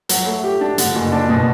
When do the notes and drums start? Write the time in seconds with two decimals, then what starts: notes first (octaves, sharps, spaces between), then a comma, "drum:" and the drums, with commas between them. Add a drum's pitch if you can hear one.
0.09 F#3, drum: hi-hat
0.26 A3
0.44 G4
0.61 D4
0.78 D3, drum: hi-hat
0.96 F#1
1.12 D4
1.29 B2